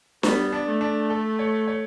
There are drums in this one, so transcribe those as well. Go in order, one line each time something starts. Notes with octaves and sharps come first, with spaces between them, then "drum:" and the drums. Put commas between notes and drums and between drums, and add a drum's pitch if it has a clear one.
G3 B3, drum: snare D4
D4
A3
D4
A4
C#5
C#5